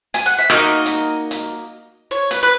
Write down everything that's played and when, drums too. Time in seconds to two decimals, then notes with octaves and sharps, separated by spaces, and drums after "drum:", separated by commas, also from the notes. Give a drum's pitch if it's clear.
0.14 G#5, drum: hi-hat
0.26 F#5
0.38 E5
0.50 A#3 D#4 F#4 D#5, drum: rim click
0.86 drum: hi-hat
1.31 drum: hi-hat
2.11 C#5
2.31 B4, drum: hi-hat
2.43 B4